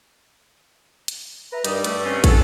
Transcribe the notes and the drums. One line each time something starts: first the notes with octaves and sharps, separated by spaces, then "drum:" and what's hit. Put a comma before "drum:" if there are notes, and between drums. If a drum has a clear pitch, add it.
drum: hi-hat
B4 E5 A#5
G2 D#3 G3 D#5, drum: hi-hat
G2 A3, drum: hi-hat
C3 C4 C#4
F#3 A4, drum: kick, hi-hat